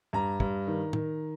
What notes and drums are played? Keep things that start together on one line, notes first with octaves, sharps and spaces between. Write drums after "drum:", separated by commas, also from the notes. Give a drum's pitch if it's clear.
G2 A#5
G2, drum: kick
D#3
D#3, drum: tom A2